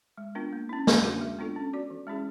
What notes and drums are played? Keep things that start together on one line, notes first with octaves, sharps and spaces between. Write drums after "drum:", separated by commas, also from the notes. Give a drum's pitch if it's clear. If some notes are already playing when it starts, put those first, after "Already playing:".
G#3
B3 D4 F4 A#4
A#3
C#4 E4
F#3, drum: snare
A#3 D4 F#4 A#4
G#3
B3 D4 F4 A4
C#4
F#4 A4 D5
E3
G#3 C#4 E4 G#4